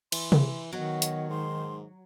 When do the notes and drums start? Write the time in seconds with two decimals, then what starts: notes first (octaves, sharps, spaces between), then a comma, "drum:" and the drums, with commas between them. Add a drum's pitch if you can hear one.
0.12 E3 C6, drum: cymbal
0.32 drum: tom C3
0.73 B2 D#3 F#3 D#5
1.02 drum: hi-hat
1.30 G#2 C6